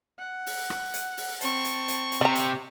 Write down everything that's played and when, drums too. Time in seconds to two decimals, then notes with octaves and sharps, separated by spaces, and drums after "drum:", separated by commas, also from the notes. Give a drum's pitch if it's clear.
0.19 F#5
0.46 drum: open hi-hat
0.70 drum: rim click
0.94 drum: hi-hat
1.17 drum: open hi-hat
1.41 C4 A5 C#6, drum: hi-hat
1.65 drum: hi-hat
1.88 drum: hi-hat
2.12 drum: hi-hat
2.21 C3 D5 A#5
2.35 drum: hi-hat